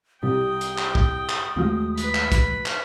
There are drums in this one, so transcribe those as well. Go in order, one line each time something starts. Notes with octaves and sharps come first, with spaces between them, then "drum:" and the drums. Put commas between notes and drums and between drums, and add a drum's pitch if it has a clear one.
C2 G3 G5 D#6
drum: hi-hat
drum: clap
drum: kick
drum: clap
D#2 F3 G#3 A3 F#4
B4 B5, drum: hi-hat
drum: clap
drum: kick, hi-hat
drum: clap